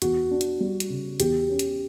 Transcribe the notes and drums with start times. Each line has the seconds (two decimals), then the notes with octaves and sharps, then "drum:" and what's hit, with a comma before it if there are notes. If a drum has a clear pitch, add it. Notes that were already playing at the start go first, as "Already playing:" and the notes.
0.02 E2 F#4, drum: hi-hat
0.31 D4
0.41 drum: hi-hat
0.60 G3
0.80 drum: hi-hat
0.90 C#3
1.20 E2 G4, drum: hi-hat
1.50 C#4
1.59 drum: hi-hat